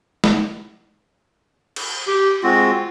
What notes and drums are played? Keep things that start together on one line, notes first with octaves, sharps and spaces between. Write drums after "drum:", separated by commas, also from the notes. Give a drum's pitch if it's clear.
drum: snare
drum: cymbal
G4
G#3 C4 F4 F#4